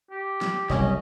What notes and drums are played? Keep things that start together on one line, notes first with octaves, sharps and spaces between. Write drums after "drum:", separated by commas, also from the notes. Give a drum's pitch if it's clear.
G4
drum: snare
F#1 C2 C#4 D#5, drum: snare